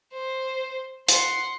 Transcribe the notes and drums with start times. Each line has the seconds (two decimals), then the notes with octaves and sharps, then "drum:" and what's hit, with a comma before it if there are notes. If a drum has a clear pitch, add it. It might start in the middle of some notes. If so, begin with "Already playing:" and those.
0.13 C5
1.08 F#5 C6, drum: hi-hat